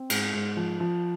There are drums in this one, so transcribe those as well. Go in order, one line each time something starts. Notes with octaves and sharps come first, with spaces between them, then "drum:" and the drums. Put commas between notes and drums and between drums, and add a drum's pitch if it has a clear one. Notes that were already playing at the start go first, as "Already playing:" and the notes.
Already playing: C4
G#2, drum: cymbal
G#2
F3
F3